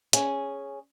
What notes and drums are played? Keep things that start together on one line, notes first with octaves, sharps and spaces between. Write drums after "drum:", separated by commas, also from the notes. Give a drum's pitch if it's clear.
C#4 G#4, drum: hi-hat